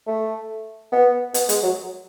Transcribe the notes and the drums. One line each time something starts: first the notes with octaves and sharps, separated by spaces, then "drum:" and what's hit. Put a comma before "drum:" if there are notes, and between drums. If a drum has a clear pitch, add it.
A3
B3
B3, drum: hi-hat
G#3, drum: hi-hat
F#3